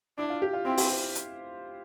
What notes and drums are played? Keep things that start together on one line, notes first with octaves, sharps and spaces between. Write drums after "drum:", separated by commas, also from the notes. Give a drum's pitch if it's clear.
D4 E4
F4
G4
F4
C4 E4
G4, drum: open hi-hat
C5
drum: hi-hat